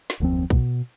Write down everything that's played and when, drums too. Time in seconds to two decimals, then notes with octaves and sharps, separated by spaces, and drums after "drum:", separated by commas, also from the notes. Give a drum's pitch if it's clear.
0.10 drum: snare
0.20 F#1 D#2 F3 C4
0.50 B2, drum: kick B1